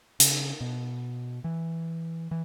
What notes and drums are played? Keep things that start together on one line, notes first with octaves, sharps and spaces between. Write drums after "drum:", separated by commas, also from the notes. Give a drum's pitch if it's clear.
C#3, drum: hi-hat
B2
E3
E3